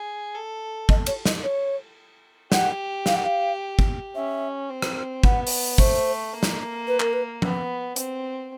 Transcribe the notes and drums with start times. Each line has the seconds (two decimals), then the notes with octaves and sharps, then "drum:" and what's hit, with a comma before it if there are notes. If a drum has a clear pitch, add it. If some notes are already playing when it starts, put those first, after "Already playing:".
Already playing: G#4
0.35 A4
0.89 D#5, drum: kick
1.06 C#5, drum: cymbal
1.26 D#5, drum: snare
1.43 C#5
2.52 G4 F#5, drum: snare
3.06 F5, drum: snare
3.15 F#5
3.24 F5
3.79 drum: kick
4.15 C#4 E5
4.70 C4
4.82 drum: rim click
5.24 B3 F#5, drum: kick
5.47 drum: open hi-hat
5.78 A3 C5, drum: kick
6.33 A#3
6.43 drum: snare
6.87 B4
7.00 A#4, drum: clap
7.13 B4
7.42 B3, drum: tom F3
7.96 C4, drum: hi-hat